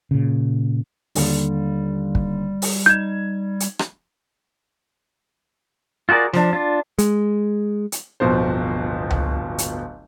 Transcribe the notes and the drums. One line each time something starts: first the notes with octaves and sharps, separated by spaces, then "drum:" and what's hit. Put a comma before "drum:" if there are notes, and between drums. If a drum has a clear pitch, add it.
A#2 C#3
D#2 D3 G3, drum: open hi-hat
drum: kick
drum: open hi-hat
D#4 G6 G#6 E7
drum: hi-hat
drum: rim click
F4 F#4 G#4 A#4 D5
F3 D4, drum: snare
D4 F4
G#3, drum: hi-hat
drum: hi-hat
D1 G1 B2 F3 C5
drum: tom C#2
drum: hi-hat